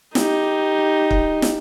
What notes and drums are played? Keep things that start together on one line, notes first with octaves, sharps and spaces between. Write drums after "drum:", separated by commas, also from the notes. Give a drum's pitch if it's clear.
D#4 G4, drum: snare
drum: kick
drum: snare